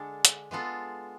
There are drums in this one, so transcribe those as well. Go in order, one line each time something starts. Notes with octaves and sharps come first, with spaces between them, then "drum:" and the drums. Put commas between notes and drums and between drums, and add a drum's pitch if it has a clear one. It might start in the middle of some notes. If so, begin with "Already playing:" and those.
Already playing: D3 G#3 D4 A4
drum: hi-hat
G#3 B3 F4 A4